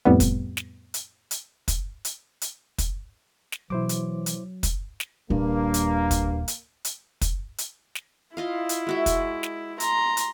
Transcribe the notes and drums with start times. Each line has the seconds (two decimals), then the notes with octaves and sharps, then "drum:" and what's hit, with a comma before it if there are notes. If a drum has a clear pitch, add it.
0.05 F2 A2 G3 B3
0.20 drum: kick, hi-hat
0.57 drum: snare
0.94 drum: hi-hat
1.31 drum: hi-hat
1.68 drum: kick, hi-hat
2.05 drum: hi-hat
2.42 drum: hi-hat
2.78 drum: kick, hi-hat
3.52 drum: snare
3.70 B2 E3 F#3 A#3 E4 C5 D6
3.89 drum: hi-hat
4.26 drum: hi-hat
4.63 drum: kick, hi-hat
5.00 drum: snare
5.30 D#1 G2 A#3
5.74 drum: hi-hat
6.11 drum: kick, hi-hat
6.48 drum: hi-hat
6.85 drum: hi-hat
7.21 drum: kick, hi-hat
7.58 drum: hi-hat
7.95 drum: snare
8.37 E4 F4 D#5 F5
8.69 drum: hi-hat
8.87 G#3 F#4 E5
9.06 drum: kick, hi-hat
9.43 drum: snare
9.80 A#5 C6, drum: hi-hat
10.17 drum: hi-hat